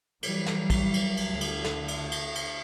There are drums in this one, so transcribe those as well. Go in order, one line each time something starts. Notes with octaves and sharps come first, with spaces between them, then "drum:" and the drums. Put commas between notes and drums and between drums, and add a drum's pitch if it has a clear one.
E3 F#3 G3, drum: cymbal
drum: snare
drum: kick, cymbal
drum: cymbal
drum: cymbal
D2 D3
drum: cymbal
drum: snare
drum: cymbal
drum: cymbal
drum: cymbal